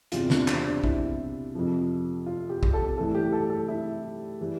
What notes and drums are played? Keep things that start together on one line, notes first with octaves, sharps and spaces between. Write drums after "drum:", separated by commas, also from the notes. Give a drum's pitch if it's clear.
E2 C3 G3 F4, drum: hi-hat
D4, drum: snare
C4, drum: clap
D4
E4, drum: kick
F2 C3 F3
F4
G4
G4, drum: kick
A4
A2 E3 G3 A4
G4
A4
A4
E4
E3 G3